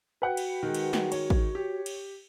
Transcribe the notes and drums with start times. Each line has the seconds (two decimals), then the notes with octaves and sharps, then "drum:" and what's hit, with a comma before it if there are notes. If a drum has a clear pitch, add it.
0.22 F#4 B4 F#5 G5
0.37 drum: cymbal
0.63 D#3 G#3
0.75 drum: cymbal
0.93 drum: snare
1.12 C#5, drum: cymbal
1.30 drum: kick A1
1.55 G4
1.86 drum: cymbal